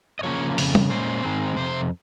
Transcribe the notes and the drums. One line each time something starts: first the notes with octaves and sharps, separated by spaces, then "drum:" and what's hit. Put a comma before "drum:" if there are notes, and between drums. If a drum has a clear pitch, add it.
D#5
C#3 F3 A#3 C#4 C#5
F2 C#3, drum: open hi-hat
drum: tom
A#2 G#3 C#4 C5
G#2 D#3 G#3 C4
F2 C3 C5